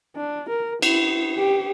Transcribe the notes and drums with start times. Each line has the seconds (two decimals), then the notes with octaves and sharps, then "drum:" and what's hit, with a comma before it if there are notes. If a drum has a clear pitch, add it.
0.16 D4
0.50 A#4
0.82 E4, drum: cymbal
1.38 G4